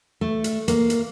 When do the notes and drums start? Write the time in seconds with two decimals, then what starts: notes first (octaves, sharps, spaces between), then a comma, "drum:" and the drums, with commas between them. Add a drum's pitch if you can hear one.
0.21 A3
0.44 drum: hi-hat
0.68 A#3, drum: hi-hat
0.90 drum: hi-hat